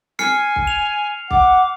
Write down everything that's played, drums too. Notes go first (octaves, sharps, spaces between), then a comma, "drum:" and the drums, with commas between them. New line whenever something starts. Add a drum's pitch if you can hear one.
G#5 F6 C7 C#7, drum: snare
drum: kick B1
F7
F#5 D6, drum: kick B1